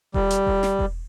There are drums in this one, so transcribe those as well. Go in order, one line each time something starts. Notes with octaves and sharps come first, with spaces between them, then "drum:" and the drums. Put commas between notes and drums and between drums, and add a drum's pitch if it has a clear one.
G3, drum: kick E1
drum: hi-hat
drum: kick E1
drum: snare
drum: kick E1